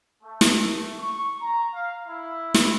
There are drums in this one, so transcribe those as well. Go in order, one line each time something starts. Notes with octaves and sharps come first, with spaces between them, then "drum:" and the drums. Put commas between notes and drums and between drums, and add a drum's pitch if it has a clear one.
A3
drum: snare
C#6
A#5
F5
E4
drum: snare